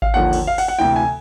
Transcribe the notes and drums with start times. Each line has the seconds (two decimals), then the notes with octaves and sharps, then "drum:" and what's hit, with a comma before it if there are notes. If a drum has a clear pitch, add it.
0.02 F5, drum: kick G#1
0.14 D#2 D3 F3 F#5
0.33 drum: cymbal
0.47 F5
0.58 F#5, drum: cymbal
0.68 F#5
0.79 D2 C3 E3 G5
0.96 G#5